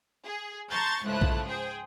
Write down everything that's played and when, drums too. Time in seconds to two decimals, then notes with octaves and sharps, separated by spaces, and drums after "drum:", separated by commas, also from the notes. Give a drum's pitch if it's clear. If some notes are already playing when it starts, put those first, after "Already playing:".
0.24 G#4
0.71 A5 A#5 C6 C#6 G6 A6
1.04 C#2 G#2 F3 A3 E4 F#6
1.21 drum: kick A#1
1.47 G#4 C5 G5